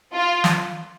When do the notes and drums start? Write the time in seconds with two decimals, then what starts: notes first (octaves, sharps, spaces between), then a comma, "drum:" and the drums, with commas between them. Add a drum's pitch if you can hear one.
0.14 F4
0.44 drum: snare